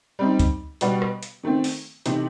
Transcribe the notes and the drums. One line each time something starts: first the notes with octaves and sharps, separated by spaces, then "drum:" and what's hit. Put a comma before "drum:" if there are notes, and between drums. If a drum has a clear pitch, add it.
G3 C4 D#4
drum: kick C#2, hi-hat
B2 G3 B3 F#4, drum: hi-hat
drum: rim click
drum: hi-hat
D#3 A3 C4
drum: open hi-hat
C3 E3 A3 D#4, drum: hi-hat